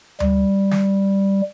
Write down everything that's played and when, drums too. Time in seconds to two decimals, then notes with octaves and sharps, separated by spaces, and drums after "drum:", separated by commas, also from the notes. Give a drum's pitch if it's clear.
0.20 G3, drum: tom D2
0.71 drum: snare